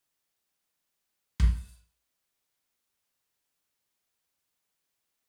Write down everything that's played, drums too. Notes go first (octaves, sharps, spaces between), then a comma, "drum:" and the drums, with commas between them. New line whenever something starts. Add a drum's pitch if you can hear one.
D#4
F3
drum: kick
F3 F#3
F#4 A4 E5
C#4
F4 D5 E5
A4
D#2
A1
D#3
F1
F3